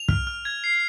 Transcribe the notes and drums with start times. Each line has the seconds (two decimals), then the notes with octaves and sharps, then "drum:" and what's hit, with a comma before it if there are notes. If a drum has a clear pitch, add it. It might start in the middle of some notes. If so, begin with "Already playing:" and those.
Already playing: F7
0.08 F6, drum: kick
0.27 F6
0.45 G#6
0.64 C7